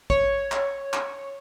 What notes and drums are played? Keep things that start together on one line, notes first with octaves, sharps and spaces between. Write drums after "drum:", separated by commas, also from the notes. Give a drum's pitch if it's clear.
C#5, drum: kick
drum: clap
drum: clap